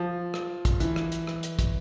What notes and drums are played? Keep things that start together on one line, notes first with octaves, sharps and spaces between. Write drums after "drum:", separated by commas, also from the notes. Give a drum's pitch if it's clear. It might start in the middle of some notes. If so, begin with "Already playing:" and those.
Already playing: F3
drum: rim click
drum: kick, hi-hat
E3, drum: hi-hat
drum: rim click
drum: hi-hat
drum: rim click
drum: hi-hat
drum: kick, hi-hat